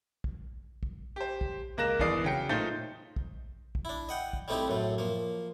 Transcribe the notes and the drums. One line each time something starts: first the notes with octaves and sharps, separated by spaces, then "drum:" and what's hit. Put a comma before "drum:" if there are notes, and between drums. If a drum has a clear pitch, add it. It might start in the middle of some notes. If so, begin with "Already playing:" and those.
drum: kick
drum: kick
G4 C5
drum: kick
C#2 A#3 A#4 F#6 A#6 E7
G1 E2 E3 D5 D#6 C7, drum: kick
C#3 F#3 G5 C#7
A#2 A3 D#4 C5 G6 A6
drum: kick
drum: kick
D4 E4
D#5 F#5 G5
drum: kick
G3 A3 C4 D#4 E4 G4
F#2 A2 A3
F3 A#3